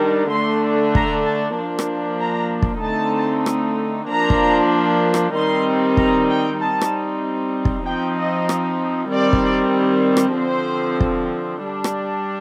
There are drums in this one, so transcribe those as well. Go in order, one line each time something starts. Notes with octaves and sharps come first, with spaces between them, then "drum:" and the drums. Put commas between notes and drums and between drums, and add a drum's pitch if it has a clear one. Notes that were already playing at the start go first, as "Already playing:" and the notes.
Already playing: D#3 G3 D4
D3 A3 D4 C6
A#5, drum: kick
A5
F3 A#3 D4
drum: rim click
A#5
drum: kick
D3 A3 C4 D#4 A5
drum: rim click
F3 A#3 D4 A#5
drum: kick
drum: rim click
D#3 G3 C4 D#4 C6
A#5, drum: kick
G5
G3 C4 D#4 A5
drum: rim click
drum: kick
F3 C4 D#4 G5
D#5
drum: rim click
D#3 G3 C4 D5
drum: kick
drum: rim click
D3 F3 C4 C5
drum: kick
G3 D4
drum: rim click